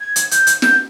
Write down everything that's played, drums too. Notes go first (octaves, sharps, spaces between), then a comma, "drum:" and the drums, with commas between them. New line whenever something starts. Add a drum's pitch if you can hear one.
G#6
drum: hi-hat
G6, drum: hi-hat
drum: hi-hat
G6, drum: snare